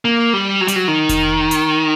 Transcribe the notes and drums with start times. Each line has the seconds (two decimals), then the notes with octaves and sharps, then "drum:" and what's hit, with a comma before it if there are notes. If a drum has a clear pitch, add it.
0.05 A#3
0.33 G3
0.61 F#3
0.68 G3, drum: hi-hat
0.76 F#3
0.88 D#3
1.09 drum: kick F1, hi-hat
1.51 drum: hi-hat